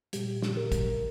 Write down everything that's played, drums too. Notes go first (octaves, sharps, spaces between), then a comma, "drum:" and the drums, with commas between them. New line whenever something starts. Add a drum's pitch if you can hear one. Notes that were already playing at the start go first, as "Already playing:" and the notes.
A#2 G3 G4, drum: hi-hat
drum: snare
A#4
drum: kick, hi-hat